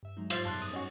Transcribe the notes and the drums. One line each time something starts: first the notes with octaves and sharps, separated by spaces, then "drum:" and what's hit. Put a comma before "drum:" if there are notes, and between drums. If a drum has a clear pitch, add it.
G2 E5
F#3 G#3 D#4
G#2 C3 G3 F4 C5 F5, drum: cymbal
F#2 B2 A5 C6 F#6
D#6
C#4 F#4 D#5